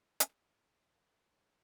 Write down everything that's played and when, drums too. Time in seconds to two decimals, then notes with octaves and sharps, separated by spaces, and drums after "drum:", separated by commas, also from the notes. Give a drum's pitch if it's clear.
0.20 B5, drum: hi-hat
0.51 E3 G#3 A3 C#4 D4
0.86 A4 B4 F5
1.29 G3 D4 G#4 A#4 C5 C#5